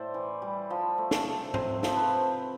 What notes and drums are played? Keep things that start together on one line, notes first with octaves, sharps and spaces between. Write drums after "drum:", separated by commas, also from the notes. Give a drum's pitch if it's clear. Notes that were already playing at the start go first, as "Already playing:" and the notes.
Already playing: A2 C5 D5 E5
E3
G3
F3
A3
drum: snare
C3
C3 C5, drum: tom G#2
F3, drum: snare
B4